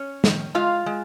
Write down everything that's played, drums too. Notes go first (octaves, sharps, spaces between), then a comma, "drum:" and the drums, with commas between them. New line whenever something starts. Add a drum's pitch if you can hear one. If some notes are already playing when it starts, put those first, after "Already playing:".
Already playing: C#4 C#5
D#3, drum: snare
G#3 F4 F5
G#3